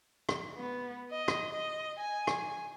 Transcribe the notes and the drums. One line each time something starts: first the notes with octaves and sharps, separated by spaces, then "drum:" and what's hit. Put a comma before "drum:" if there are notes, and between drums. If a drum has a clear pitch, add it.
drum: rim click
B3
D#5
drum: rim click
D#5
G#5
drum: rim click